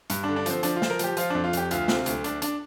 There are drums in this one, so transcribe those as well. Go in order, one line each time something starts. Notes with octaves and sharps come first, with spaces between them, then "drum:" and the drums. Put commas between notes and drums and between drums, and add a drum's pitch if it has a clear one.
G2, drum: hi-hat
D4
D3
D4
F3 C4, drum: hi-hat
F3 D4, drum: hi-hat
F4
F3, drum: snare
A#4
F3 G4, drum: hi-hat
F3 F4, drum: hi-hat
F2 D4
F4
F2 G4, drum: hi-hat
D2 F4, drum: hi-hat
C3, drum: snare
D2, drum: hi-hat
D2 D4, drum: hi-hat
D4, drum: hi-hat